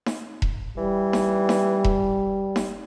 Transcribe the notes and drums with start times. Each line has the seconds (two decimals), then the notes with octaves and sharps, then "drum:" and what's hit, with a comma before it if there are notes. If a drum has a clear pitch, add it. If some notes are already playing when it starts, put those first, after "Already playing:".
0.06 drum: snare D#4
0.42 drum: kick E1
0.78 E3 G3
1.13 drum: snare D#4
1.49 drum: snare D#4
1.84 drum: kick E1
2.56 drum: snare D#4